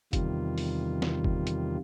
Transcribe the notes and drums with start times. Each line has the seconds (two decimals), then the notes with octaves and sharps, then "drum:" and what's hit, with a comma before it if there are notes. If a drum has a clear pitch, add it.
0.13 E2 C3 D#3 G3 F4, drum: kick F#1, hi-hat
0.58 drum: open hi-hat
1.02 drum: snare
1.24 drum: kick F#1
1.47 drum: hi-hat